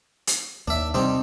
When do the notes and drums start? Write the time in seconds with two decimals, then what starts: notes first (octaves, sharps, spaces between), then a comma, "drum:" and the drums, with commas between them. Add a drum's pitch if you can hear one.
0.27 drum: hi-hat
0.68 D#2 D4 E5
0.94 C3 G3 C4 D4 D#4